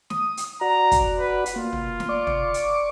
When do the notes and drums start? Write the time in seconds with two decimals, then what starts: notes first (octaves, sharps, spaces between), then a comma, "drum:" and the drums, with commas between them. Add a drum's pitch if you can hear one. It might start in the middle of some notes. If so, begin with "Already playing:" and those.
0.10 D#6, drum: snare
0.37 drum: hi-hat
0.61 F#4 D5 F#5 A#5
0.91 drum: kick, hi-hat
1.18 B4
1.46 drum: hi-hat
1.56 A#3 F4
1.73 drum: tom
2.00 drum: snare
2.09 D5 C#6 D6
2.27 drum: tom
2.54 drum: hi-hat